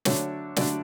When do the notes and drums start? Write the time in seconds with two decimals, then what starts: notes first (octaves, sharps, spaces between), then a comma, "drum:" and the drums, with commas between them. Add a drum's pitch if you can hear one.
0.05 D3 F#3 A3 D4 C#5, drum: snare
0.57 D3 F#3 A3 D4 D5, drum: snare